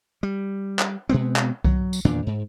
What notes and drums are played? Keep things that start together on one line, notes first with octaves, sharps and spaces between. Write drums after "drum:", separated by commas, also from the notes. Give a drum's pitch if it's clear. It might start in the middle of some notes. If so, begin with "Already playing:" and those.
G3
drum: clap
B2 G#3 B3 C4
drum: clap
F#3, drum: kick C2
drum: tambourine
E2 A#2 D#3 D4
G#2